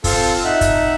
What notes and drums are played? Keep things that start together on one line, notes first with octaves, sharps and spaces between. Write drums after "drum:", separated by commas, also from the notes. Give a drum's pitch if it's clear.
C4 F4 A4, drum: kick F#1, open hi-hat
D#4 E5 F#5
drum: kick F#1, hi-hat